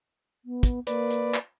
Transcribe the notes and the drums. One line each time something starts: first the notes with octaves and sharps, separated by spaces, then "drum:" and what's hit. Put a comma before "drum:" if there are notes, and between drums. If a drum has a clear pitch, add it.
B3
drum: kick, hi-hat
A#3 B4 D5, drum: hi-hat
drum: hi-hat
drum: clap